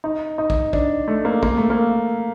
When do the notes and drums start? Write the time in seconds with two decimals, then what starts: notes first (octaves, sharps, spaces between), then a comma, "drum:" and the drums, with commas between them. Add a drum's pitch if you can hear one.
0.04 D#4
0.38 D#4
0.50 drum: kick
0.73 D4, drum: kick
1.08 A3
1.25 A#3
1.43 A#3, drum: kick
1.57 A3
1.70 A#3